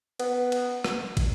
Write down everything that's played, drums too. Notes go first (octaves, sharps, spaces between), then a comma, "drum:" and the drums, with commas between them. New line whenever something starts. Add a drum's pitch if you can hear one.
B3, drum: cymbal
drum: cymbal
drum: rim click
drum: kick, cymbal